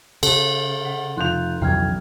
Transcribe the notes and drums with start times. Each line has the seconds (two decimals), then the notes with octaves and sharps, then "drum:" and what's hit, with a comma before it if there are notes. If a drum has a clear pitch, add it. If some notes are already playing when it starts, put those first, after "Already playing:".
0.23 C#3 A4, drum: cymbal
0.85 F#5
1.17 F1 F4 C6 F#6 G6 F7
1.62 B1 F2 C#3 E3 G5 F6 G#6